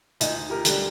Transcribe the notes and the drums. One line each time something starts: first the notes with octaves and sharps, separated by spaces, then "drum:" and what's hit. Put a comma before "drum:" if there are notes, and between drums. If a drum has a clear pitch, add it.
D2 D#4, drum: hi-hat
G4 A#4
D3 G3 D4, drum: hi-hat